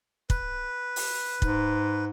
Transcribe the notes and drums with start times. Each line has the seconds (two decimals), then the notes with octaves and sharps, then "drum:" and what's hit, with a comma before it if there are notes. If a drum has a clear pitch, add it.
0.30 B4, drum: kick
0.96 drum: open hi-hat
1.42 G#2, drum: kick